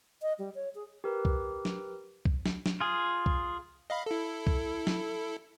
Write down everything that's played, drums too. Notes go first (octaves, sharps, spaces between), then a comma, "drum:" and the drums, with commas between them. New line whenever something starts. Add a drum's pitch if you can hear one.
D#5
G3
C#5
G#4
G4 A#4 B4
drum: kick C2
drum: snare
drum: kick C2
drum: snare
drum: snare
F4 G#4
drum: kick C2
D#5 F5 B5
E4 A4
drum: kick C2
drum: snare